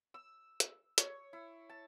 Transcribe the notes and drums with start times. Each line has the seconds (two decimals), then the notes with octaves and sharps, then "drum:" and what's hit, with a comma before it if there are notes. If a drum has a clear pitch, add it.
0.14 E6
0.60 drum: hi-hat
0.98 C#5, drum: hi-hat
1.33 E4
1.69 A5